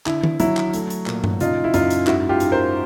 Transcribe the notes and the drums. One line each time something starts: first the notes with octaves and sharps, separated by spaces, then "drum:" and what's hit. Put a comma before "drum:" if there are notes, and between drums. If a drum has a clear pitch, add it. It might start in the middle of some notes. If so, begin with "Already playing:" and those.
D3 E4, drum: clap
drum: tom D#3
F#3 E4, drum: hi-hat
drum: clap
A3, drum: hi-hat
drum: hi-hat
A#2, drum: clap
drum: tom G2
C#3 D#4 F4, drum: hi-hat
E4
F#2 D#4 F4, drum: hi-hat
drum: hi-hat
G#2 E4 F#4, drum: clap
F4 G4
G#2, drum: hi-hat
A#4 C5